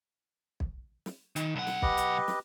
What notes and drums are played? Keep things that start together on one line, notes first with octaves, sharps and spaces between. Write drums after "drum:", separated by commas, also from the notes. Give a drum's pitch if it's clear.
drum: kick B1
drum: snare
D#3, drum: hi-hat
B1 F#5
drum: snare
G4 B4 D#5, drum: kick B1
drum: hi-hat
drum: snare